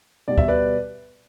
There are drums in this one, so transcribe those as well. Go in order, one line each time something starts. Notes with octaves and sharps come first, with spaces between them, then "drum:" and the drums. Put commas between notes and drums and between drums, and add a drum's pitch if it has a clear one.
B2 G3 D5
E5, drum: kick
B4 D5